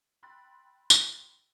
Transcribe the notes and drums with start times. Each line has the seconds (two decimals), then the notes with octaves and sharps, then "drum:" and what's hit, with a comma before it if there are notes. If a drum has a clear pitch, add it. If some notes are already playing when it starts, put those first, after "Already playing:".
0.23 G5 B5 C6 E6 F#6 A6
0.90 drum: tambourine